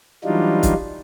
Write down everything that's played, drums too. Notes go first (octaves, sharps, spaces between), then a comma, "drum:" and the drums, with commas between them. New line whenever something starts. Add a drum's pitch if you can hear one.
E3 F#3 G3 D4 D#4 F4
drum: kick, hi-hat